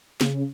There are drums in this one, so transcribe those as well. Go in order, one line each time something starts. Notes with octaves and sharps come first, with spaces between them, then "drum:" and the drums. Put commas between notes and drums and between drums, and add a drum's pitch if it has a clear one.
C#3, drum: snare